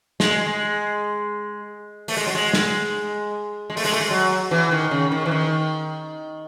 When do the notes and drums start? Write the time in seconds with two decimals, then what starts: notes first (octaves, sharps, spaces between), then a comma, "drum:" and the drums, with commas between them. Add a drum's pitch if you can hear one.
0.20 G#3, drum: snare
0.47 G#3
2.08 A3, drum: open hi-hat
2.17 G#3
2.27 F#3
2.35 G#3
2.53 drum: snare
3.70 G#3
3.77 A3, drum: open hi-hat
3.85 G#3
3.92 A3
4.00 G#3
4.11 F#3
4.51 E3
4.71 D#3
4.91 C#3
5.12 D#3
5.26 E3
5.31 D#3